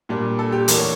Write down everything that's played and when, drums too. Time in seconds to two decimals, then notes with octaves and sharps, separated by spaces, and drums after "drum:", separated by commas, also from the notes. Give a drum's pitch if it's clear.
0.09 A#2 G3 D4
0.39 A4
0.52 G4
0.68 E2 E3 A3 D4 A#4, drum: hi-hat
0.77 C#5